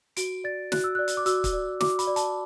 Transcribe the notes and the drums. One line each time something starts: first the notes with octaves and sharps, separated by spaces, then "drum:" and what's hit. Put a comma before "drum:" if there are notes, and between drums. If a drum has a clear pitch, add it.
F#4 D7, drum: hi-hat
D5 A6
F#4 F#6, drum: snare
E6
D5 F#6
drum: hi-hat
D6
F#4 E6, drum: hi-hat
drum: kick, hi-hat
D5
F#4 D6, drum: snare
B5, drum: hi-hat
D5
A5, drum: hi-hat